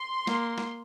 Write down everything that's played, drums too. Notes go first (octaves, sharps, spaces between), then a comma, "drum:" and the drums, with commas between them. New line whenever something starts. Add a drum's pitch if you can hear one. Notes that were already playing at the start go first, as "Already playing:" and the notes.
Already playing: C6
A#3, drum: snare
drum: snare